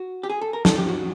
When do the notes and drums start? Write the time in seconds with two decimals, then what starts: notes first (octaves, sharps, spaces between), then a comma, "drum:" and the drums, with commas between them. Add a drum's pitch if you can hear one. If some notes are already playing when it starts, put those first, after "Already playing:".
Already playing: F#4
0.23 G4
0.30 G#4
0.41 A4
0.53 A#4
0.65 A4, drum: snare
0.77 G4
0.89 F#4